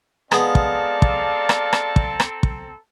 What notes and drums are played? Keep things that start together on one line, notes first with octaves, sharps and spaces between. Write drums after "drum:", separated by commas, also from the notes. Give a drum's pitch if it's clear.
G#3 B3 C4 A4 D5 F5 A5 A#5, drum: rim click
drum: kick
drum: kick
drum: rim click
drum: rim click
drum: kick
drum: rim click
drum: kick